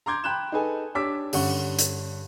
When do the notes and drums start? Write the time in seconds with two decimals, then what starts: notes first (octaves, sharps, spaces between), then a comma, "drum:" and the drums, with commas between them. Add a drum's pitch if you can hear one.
0.06 A#5 C6 D6 G6 G#6
0.24 G5 B5 F#6 G6 E7
0.52 D#4 G#4 A4 B4 G#5
0.95 D4 G4 C#5 D6 E6 B6
1.33 G2 D3 C#4 F#5 C#6, drum: open hi-hat
1.79 drum: hi-hat